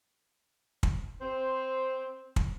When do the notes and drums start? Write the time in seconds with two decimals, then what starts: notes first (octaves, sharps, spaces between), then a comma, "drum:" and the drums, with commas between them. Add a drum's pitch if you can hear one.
0.83 drum: kick
1.21 C4 C5
2.36 drum: kick